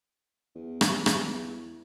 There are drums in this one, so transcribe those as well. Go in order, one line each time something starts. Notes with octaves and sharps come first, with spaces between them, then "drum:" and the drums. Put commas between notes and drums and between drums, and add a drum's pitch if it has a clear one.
E2
drum: rim click
drum: rim click